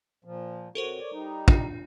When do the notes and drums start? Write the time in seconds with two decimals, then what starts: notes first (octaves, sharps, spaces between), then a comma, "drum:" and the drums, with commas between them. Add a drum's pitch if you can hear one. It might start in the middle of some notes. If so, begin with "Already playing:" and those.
0.25 A#2 F3
0.75 C3 F#4 A4 A#4 C5 C#5
0.99 C#5 D5
1.13 G3 D#4
1.48 D4 F4, drum: kick